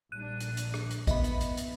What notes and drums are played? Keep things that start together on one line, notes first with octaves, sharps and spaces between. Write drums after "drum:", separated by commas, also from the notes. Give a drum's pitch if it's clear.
A#1 G3 D4 F#6 D#7
drum: hi-hat
drum: hi-hat
drum: rim click
drum: hi-hat
B3 D#5 E5 B5, drum: kick A1, hi-hat
drum: hi-hat
drum: hi-hat
drum: hi-hat